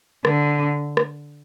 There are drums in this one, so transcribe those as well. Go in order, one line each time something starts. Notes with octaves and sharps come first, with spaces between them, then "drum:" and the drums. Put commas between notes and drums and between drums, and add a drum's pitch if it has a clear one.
D3, drum: rim click
drum: rim click